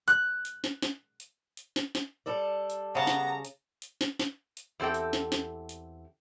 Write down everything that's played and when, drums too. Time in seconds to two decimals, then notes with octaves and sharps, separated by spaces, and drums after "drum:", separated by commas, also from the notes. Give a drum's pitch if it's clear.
0.08 F#6, drum: hi-hat
0.45 drum: hi-hat
0.64 drum: snare
0.82 drum: snare
1.20 drum: hi-hat
1.57 drum: hi-hat
1.76 drum: snare
1.95 drum: snare
2.26 G3 A4 D5
2.70 drum: hi-hat
2.95 C#3 B3 A5 A#5
3.07 drum: snare
3.45 drum: hi-hat
3.82 drum: hi-hat
4.01 drum: snare
4.19 drum: snare
4.57 drum: hi-hat
4.80 E2 C4 G4 A4 G5
4.94 drum: hi-hat
5.13 drum: snare
5.32 drum: snare
5.69 drum: hi-hat